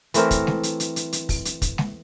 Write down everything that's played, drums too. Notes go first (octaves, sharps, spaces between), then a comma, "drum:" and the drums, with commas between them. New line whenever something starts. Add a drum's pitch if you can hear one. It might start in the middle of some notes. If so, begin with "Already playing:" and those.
E3 A3 C4 A#4, drum: hi-hat
drum: kick, hi-hat
drum: snare G#3
drum: hi-hat
drum: hi-hat
drum: hi-hat
drum: hi-hat
drum: kick, open hi-hat
drum: hi-hat
drum: kick, hi-hat
drum: snare G#3